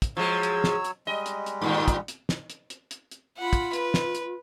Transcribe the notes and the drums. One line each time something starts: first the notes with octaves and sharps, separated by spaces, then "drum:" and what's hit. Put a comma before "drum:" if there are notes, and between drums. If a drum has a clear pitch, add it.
drum: kick, hi-hat
F3 F#3 G#3 C#5 E6
drum: hi-hat
drum: snare
drum: hi-hat
G3 G#3 D#5
drum: hi-hat
drum: hi-hat
G2 A#2 D#3
drum: kick, hi-hat
drum: hi-hat
drum: snare
drum: hi-hat
drum: hi-hat
drum: hi-hat
drum: hi-hat
F4 F#5 B5
drum: kick, hi-hat
B4, drum: hi-hat
drum: snare
drum: hi-hat